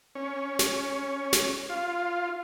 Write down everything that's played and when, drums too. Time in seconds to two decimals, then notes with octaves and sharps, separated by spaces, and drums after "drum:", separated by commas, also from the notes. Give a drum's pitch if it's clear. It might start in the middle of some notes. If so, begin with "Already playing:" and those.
0.15 C#4
0.59 drum: snare
1.33 drum: snare
1.69 F4